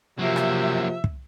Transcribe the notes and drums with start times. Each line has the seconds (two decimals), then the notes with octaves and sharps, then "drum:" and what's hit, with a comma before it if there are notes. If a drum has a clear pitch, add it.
0.19 C3 F3 F#3 A#3 E5
0.36 drum: rim click
1.04 drum: kick